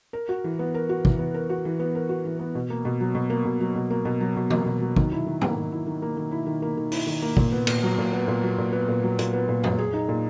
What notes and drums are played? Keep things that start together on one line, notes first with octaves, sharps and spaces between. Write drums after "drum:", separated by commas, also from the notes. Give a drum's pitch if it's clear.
A#4
F#4
E3
B3
A#4
F#4
E3, drum: kick
B3
A#4
F#4
E3
B3
A#4
F#4
E3
B3
B2
A#3
B2
F#3
B2
A#3
B2
F#3
B2
A#3
B2
F#3
B2
A#3, drum: tom E3
B2
F#3
D#3, drum: kick
E4
D#3
A#3, drum: tom
D#3
E4
D#3
A#3
D#3
E4
D#3
A#3
D#3
E4, drum: open hi-hat
D#3
A#3
A#2, drum: kick
B3
A#2, drum: cymbal
F#3
A#2
B3
A#2
F#3
A#2
B3
A#2
F#3
A#2, drum: hi-hat
B3
A#2
F#3, drum: tom
G#4
D#4
A#2